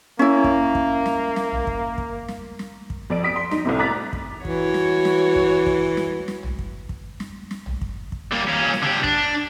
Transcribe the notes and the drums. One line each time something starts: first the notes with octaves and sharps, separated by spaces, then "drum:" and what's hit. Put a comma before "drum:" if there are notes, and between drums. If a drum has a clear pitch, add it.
A#3 C#4 E4
drum: kick
drum: kick
drum: snare
drum: snare
drum: tom
drum: kick
drum: kick
drum: snare
drum: snare
drum: kick
F2 D5 D7
D#6 B6 D7
C6
D#4, drum: snare
C2 A2 C3
A#5 D6 F#6 A6 B6
drum: kick
E3 F#4 C#5, drum: kick
drum: snare
drum: snare
drum: kick
drum: kick
drum: snare
drum: snare
drum: tom
drum: kick
drum: kick
drum: snare
drum: snare
drum: tom
drum: kick
drum: kick
G3 A#3
A#2 C#4
drum: snare
D3 G4
D4, drum: kick